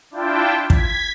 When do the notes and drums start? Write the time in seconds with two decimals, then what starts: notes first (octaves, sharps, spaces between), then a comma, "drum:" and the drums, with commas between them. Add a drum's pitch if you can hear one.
0.11 D4 E4 F4 G5 A5
0.70 G#6 B6, drum: kick